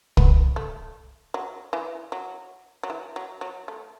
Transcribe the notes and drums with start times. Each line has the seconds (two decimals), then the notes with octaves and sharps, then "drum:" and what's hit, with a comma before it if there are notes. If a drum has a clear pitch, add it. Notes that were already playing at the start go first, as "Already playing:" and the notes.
0.17 B3, drum: kick
0.56 A3
1.34 F#3
1.73 E3
2.12 F#3
2.83 F#3
2.90 E3
3.16 F#3
3.41 F#3
3.68 A3